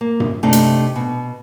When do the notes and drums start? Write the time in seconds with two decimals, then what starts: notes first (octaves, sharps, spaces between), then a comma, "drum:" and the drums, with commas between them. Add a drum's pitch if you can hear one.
0.01 A#3
0.20 drum: tom G2
0.43 C3 A3 D4 D#4
0.53 drum: hi-hat
0.96 B2